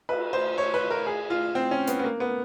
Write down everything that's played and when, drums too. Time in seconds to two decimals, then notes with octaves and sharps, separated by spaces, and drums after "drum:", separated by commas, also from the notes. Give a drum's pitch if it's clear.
0.09 B4, drum: cymbal
0.33 C5
0.58 C#5
0.74 B4
0.90 A#4
1.07 G#4
1.30 F4
1.55 C4
1.71 C#4
1.87 B3, drum: hi-hat
1.99 B3
2.04 A#3
2.20 B3